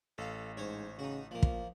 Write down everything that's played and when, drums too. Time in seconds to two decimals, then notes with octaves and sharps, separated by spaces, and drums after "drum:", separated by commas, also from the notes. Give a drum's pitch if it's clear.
0.18 A1 A4 F5
0.57 G#2 C5 C#5
0.99 C#3 D#4 F#4
1.31 A#2 F3 A#3
1.43 drum: kick